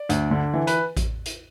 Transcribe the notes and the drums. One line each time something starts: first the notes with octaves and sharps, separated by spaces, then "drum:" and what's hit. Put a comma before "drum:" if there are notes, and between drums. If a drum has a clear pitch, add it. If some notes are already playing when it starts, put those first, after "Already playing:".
Already playing: D5
D2, drum: hi-hat
D3
E3
B4, drum: hi-hat
drum: kick A1, hi-hat
drum: hi-hat